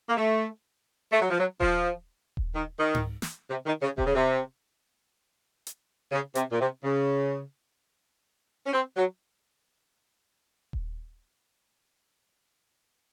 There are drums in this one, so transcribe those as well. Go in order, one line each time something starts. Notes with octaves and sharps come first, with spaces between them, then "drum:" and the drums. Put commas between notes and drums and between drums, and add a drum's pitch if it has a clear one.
A#3
A3
A3
F#3
F3
F#3
F3, drum: kick D#1
drum: kick D#1
D#3
D#3
drum: tom G#2
drum: snare
C3
D#3
C#3
C3, drum: kick D#1
C#3
C3
drum: hi-hat
C#3
C3, drum: hi-hat
A#2
C3
C#3
C#4
C4
F#3
drum: kick D#1